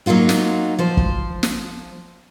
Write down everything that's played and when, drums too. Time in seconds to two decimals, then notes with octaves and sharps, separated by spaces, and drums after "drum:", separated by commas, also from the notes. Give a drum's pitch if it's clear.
0.06 F#3 A#3 D#4 F4 F#4
0.29 drum: snare
0.79 F3 C5
0.97 drum: kick
1.43 drum: snare